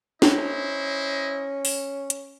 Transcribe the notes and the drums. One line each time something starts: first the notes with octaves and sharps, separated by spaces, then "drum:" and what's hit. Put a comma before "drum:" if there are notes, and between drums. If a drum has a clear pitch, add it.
C#4 E4 C5 D#5, drum: snare
drum: open hi-hat
drum: hi-hat